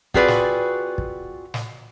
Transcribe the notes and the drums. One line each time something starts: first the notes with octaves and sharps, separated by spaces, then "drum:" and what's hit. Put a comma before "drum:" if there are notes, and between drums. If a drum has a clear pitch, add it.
C4 F4 F#4 G#4 B4 D5, drum: kick
drum: snare
drum: kick
drum: snare